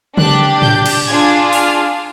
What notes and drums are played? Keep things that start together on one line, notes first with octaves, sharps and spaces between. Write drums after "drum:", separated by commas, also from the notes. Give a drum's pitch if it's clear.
D4 G4 F#6, drum: tom C#3
G6, drum: tom A2
drum: cymbal
D4 F4 G#4 G#6
F6, drum: open hi-hat